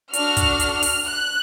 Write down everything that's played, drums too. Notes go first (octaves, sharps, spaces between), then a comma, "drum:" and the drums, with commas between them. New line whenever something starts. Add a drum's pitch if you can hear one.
D4 F#4 A4 F6, drum: hi-hat
drum: kick, hi-hat
drum: hi-hat
drum: open hi-hat
F#6